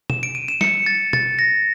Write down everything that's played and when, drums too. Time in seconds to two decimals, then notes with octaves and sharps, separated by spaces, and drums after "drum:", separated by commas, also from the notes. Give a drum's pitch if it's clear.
0.10 E7, drum: tom
0.23 D7
0.35 D#7
0.48 E7
0.61 C#7, drum: snare
0.86 A6
1.13 A6, drum: tom
1.39 A#6